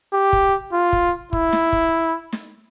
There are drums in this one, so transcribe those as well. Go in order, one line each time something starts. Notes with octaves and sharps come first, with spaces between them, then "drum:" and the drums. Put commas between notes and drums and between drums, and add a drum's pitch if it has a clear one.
G4
drum: kick
F4
drum: kick
E4, drum: kick
drum: snare
drum: kick
drum: snare